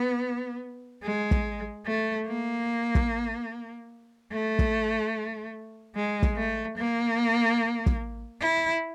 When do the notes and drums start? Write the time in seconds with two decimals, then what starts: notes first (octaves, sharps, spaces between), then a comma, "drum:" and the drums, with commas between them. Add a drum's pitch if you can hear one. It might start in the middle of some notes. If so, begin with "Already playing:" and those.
Already playing: B3
1.03 G#3
1.31 drum: kick
1.86 A3
2.27 A#3
2.95 drum: kick
4.32 A3
4.59 drum: kick
5.95 G#3
6.23 drum: kick
6.37 A3
6.78 A#3
7.86 drum: kick
8.41 E4